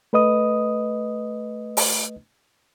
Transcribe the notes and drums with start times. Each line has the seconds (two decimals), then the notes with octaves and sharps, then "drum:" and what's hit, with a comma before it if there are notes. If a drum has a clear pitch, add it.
0.13 A3 B4 D#5 D#6
1.77 drum: open hi-hat